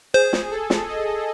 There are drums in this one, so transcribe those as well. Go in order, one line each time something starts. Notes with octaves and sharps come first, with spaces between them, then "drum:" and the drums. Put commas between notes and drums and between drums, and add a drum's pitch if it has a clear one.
G#4 C5
drum: snare
A4
drum: snare
D#5